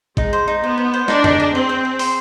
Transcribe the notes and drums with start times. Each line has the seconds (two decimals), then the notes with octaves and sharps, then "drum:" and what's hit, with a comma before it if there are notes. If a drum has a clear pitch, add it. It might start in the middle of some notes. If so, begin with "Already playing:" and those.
0.17 G#3 D#4, drum: kick
0.33 C5
0.48 D#4
0.63 B3 C5
0.78 C5
0.94 C5
1.08 D4 D#4, drum: snare
1.24 D#4, drum: tom F2
1.40 G#4
1.55 C4 G#4
1.69 C5
1.85 G#4
1.99 C6, drum: open hi-hat